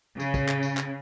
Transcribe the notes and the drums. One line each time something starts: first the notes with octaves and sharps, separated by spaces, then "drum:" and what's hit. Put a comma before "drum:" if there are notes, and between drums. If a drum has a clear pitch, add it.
C#3, drum: tambourine
drum: kick, tambourine
drum: clap
drum: tambourine
drum: clap